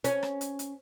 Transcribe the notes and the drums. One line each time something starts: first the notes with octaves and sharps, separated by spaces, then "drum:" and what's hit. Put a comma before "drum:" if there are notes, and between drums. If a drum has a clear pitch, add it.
C#4, drum: hi-hat
drum: rim click
drum: hi-hat
drum: hi-hat